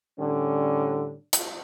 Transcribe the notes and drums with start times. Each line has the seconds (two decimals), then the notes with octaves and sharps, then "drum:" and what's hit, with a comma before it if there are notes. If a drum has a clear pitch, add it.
0.19 A2 D3 G3 C#4
1.33 drum: hi-hat